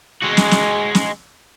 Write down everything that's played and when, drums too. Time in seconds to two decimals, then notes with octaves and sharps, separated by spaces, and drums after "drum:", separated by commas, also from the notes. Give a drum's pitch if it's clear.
0.23 G#3 F#4
0.37 drum: snare
0.51 drum: snare
0.95 drum: snare